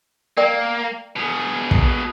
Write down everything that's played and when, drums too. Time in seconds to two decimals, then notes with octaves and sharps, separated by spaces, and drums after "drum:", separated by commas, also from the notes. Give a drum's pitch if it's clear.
0.37 A#3 A#4 D5 G5
1.16 B2 G#4
1.71 drum: kick